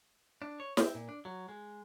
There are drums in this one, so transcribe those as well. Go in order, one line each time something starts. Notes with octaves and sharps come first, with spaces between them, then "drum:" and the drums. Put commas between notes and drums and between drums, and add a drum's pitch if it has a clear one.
D4
C#5
C4, drum: snare
A#2
D4
F#3
G#3